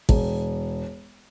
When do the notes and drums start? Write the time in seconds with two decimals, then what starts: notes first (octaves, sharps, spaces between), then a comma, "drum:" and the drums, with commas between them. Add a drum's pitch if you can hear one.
0.09 E1, drum: kick A1